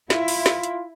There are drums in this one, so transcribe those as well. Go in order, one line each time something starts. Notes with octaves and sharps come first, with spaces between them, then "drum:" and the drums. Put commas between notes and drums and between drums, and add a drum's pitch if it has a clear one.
E4 F4, drum: snare
drum: open hi-hat
drum: snare
drum: hi-hat